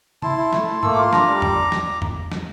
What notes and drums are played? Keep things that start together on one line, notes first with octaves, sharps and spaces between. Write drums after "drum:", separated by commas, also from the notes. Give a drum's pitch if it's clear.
E4 A5 C6, drum: tom C3
E4
A3, drum: snare
A3
A#3 E6, drum: tom G#2
F4 D6
C6
D4 A#5 D6, drum: snare
G3
drum: tom E2
drum: snare
drum: tom E2
drum: snare